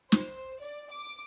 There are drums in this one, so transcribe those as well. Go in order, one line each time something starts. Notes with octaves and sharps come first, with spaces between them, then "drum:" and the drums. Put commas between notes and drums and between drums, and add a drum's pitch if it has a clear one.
C5, drum: snare
D5
D6